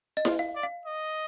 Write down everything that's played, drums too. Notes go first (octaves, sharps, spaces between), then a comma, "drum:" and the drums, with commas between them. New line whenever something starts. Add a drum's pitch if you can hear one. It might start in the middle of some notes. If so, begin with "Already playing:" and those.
D#5
F4, drum: snare E4
F5
D5
F5
D#5